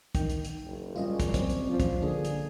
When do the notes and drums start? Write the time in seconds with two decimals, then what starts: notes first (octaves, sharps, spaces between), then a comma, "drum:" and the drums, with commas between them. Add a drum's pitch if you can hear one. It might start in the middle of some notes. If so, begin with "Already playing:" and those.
0.15 D#3 G5, drum: kick, hi-hat
0.30 drum: hi-hat
0.45 drum: hi-hat
0.66 F#1
0.96 G3 G#3 C#4 F4 D#5
1.20 drum: kick, hi-hat
1.34 F#3 C4, drum: kick, hi-hat
1.50 drum: hi-hat
1.68 F3
1.80 drum: kick, hi-hat
2.02 D3 A#3 D4 G#4
2.25 drum: hi-hat